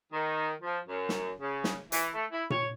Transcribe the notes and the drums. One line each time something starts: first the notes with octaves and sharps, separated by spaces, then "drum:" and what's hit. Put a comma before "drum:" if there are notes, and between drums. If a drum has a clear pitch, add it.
D#3
F3
F#2
drum: snare
C#3
drum: snare
E3, drum: hi-hat
A3
E4
C#5, drum: tom A#2